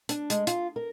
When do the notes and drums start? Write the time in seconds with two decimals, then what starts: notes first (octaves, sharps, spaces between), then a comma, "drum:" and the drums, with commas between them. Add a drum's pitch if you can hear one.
0.09 D4, drum: hi-hat
0.30 G#3, drum: hi-hat
0.47 F4, drum: hi-hat
0.76 A#4